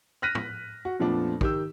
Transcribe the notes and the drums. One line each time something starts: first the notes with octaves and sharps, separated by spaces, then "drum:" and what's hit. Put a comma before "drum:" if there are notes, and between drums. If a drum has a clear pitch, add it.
F6 F#6 A#6 B6 D#7
drum: tom A2
F#4
F2 A#2 F3 A3 B3 D4
D#3 G4 E6, drum: kick